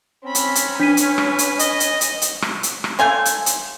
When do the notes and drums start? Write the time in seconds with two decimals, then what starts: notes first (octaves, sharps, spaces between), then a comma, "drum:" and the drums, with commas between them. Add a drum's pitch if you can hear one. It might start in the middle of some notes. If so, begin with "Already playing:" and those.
0.24 C4 C#4 B5
0.35 drum: hi-hat
0.55 drum: hi-hat
0.80 D4 B4 G#5 B6 D#7
0.97 drum: hi-hat
1.18 drum: rim click
1.39 drum: hi-hat
1.59 D#5, drum: hi-hat
1.80 drum: hi-hat
2.01 drum: hi-hat
2.22 drum: hi-hat
2.42 drum: rim click
2.63 drum: hi-hat
2.84 drum: rim click
2.99 A3 F5 G#5 C6
3.25 drum: hi-hat
3.46 drum: hi-hat